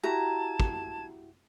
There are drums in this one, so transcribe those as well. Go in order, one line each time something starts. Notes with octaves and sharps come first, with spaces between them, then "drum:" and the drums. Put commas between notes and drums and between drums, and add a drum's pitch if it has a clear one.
E4 F#4 G4 A5 A#5 G#6
drum: kick